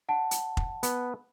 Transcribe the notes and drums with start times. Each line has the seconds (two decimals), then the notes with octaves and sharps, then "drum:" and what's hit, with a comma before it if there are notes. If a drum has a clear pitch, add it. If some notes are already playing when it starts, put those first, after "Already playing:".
0.09 F#5 A5
0.31 drum: hi-hat
0.57 drum: kick
0.83 B3, drum: hi-hat